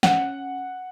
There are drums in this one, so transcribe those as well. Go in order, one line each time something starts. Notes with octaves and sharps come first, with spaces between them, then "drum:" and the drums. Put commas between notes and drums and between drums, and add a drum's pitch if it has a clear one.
C#4 F#5, drum: snare